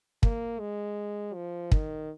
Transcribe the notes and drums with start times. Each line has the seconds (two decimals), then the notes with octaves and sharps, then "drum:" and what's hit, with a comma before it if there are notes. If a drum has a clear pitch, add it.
0.23 A#3, drum: kick
0.60 G#3
1.34 F3
1.72 D#3, drum: kick